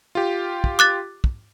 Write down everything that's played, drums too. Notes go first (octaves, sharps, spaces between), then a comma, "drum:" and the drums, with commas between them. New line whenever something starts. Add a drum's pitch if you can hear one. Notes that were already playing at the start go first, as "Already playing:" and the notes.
F4 G4
drum: kick
D6 F#6 A6
drum: kick